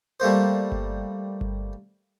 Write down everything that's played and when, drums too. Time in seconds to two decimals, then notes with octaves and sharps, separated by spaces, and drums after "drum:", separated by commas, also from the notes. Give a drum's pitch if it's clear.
0.20 G3 A3 A#3 C5
0.72 drum: kick G1
1.41 drum: kick G1